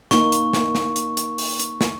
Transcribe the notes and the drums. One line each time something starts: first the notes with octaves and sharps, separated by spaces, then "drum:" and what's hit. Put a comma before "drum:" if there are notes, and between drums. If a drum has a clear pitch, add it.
A#3 D#4 C#6, drum: snare
drum: hi-hat
drum: snare
drum: snare
drum: hi-hat
drum: hi-hat
drum: open hi-hat
drum: hi-hat
drum: snare